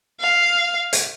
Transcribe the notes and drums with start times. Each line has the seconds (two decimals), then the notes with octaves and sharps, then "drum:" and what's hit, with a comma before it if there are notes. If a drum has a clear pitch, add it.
0.20 F5
0.93 drum: hi-hat